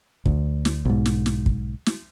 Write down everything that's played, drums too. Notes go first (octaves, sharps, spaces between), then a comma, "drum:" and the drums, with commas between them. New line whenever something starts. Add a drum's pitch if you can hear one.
D2, drum: kick
drum: snare
B1 G#2
drum: snare
drum: snare
drum: kick
drum: snare